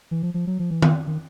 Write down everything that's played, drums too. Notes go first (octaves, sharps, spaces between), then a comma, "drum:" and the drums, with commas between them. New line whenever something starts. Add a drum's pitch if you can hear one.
E3
F3
F3
F#3
F3
E3
D#3, drum: tom D#3
D#3